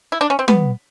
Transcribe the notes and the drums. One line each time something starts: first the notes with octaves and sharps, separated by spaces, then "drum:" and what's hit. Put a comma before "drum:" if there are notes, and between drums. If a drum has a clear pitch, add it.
E4
D4
C#4
C4
B3, drum: tom